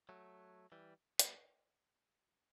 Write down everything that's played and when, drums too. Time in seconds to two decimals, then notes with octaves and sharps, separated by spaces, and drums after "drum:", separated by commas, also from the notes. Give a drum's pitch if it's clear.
0.09 F#3 A3
0.72 E3 G3
1.19 G3 B3, drum: hi-hat